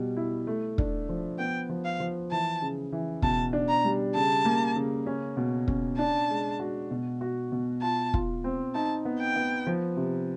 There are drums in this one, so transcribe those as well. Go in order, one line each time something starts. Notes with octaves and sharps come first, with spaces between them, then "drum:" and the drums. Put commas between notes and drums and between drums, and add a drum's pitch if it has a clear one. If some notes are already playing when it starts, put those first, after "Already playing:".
Already playing: B2 G3
E4
A3
D4, drum: kick
F3
B3 G5
F3
F5
F3
E3 A5
C#3
E3
B2 A5, drum: kick
D4
A#5
G3
C#3 A5
A#3
C#3
C#4
B2
C#4, drum: kick
D4 A5
G#3
F#4
B2
F#4
B2
F4 A5
F4, drum: kick
C4
D#4 A5
B3
G5
B3
F3
C3